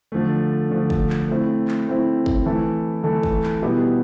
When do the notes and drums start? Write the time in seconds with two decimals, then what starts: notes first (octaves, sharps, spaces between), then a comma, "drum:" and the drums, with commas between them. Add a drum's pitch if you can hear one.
0.12 D3 F3 A3
0.70 D3 F3 A3
0.90 drum: kick
1.10 drum: clap
1.28 A3 C4 E4
1.68 drum: clap
1.88 A3 C4 E4
2.26 drum: kick
2.46 E3 A3 E4 A4
3.03 E3 A3 E4 A4
3.23 drum: kick
3.43 drum: clap
3.62 B2 G3 B3 E4 G4